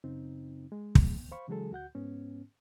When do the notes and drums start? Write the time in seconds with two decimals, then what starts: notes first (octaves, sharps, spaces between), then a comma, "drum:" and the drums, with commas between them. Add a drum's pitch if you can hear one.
0.04 F#2 C#3 C4 D#4
0.72 G#3
0.95 drum: kick
1.31 C5 F5 B5 C#6
1.48 C#3 E3 F#3 G#3 G#4 A4
1.71 D2 F#4 F#5 G6
1.95 G#2 B3 C#4